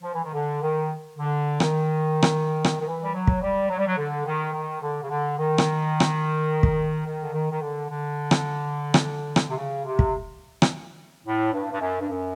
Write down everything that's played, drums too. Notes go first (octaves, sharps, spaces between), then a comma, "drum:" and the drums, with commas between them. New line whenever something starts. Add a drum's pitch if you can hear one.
F3
E3
D#3
D3
D#3
D3
D#3, drum: rim click
drum: rim click
drum: rim click
D#3
E3
G3
F#3
drum: kick
G3
F#3
G3
F#3
D3
D#3
D#3
D3
C#3
D3
D#3
drum: rim click
drum: rim click
drum: kick
D#3
D3
D#3
D#3
D3
D3
drum: rim click
drum: rim click
drum: rim click
C3
C#3
C3
drum: kick
drum: rim click
A2
G2
G2
F#2
G2
F#2